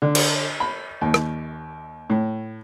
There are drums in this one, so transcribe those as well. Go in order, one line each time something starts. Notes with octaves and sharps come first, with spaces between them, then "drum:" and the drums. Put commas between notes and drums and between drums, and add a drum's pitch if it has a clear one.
D3
drum: cymbal
B5
D#2
drum: rim click
A2